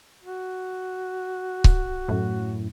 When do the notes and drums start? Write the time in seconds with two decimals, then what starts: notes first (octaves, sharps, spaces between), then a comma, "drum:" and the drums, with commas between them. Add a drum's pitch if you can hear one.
0.23 F#4
1.64 drum: kick C#1
2.08 F#2 A2